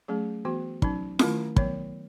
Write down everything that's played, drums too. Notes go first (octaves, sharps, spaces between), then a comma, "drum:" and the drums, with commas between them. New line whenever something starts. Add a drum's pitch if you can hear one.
F#3 A3 C#4 G#4
E3 B3 F#4
F#3 C#4 D#4, drum: kick
D#3 A3 C#4 E4, drum: snare
D#3 F#3 B3 C#5, drum: kick